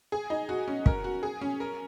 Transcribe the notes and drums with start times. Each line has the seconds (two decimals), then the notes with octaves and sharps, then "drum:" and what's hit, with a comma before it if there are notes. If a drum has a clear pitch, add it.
0.12 G#4
0.30 D#4
0.49 F#4
0.68 C#4
0.86 A#4, drum: kick
1.04 F#4
1.23 G#4
1.41 C#4
1.60 A#4